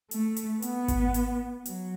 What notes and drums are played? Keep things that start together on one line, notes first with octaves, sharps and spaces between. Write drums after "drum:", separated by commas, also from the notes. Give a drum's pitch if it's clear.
A3, drum: hi-hat
drum: hi-hat
B3, drum: hi-hat
drum: kick G#1, hi-hat
drum: hi-hat
F#3, drum: hi-hat